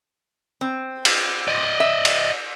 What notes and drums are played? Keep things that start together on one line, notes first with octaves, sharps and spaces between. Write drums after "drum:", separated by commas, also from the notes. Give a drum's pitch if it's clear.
C4
drum: cymbal
D5 D#5
E5
drum: cymbal